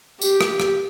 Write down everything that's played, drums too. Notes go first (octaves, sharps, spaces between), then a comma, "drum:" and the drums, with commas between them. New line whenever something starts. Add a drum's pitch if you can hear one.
G4, drum: tambourine
drum: rim click
drum: rim click